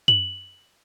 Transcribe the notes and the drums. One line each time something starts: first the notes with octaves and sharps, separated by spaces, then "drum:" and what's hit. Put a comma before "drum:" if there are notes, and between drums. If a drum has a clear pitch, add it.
F#7, drum: tom F#2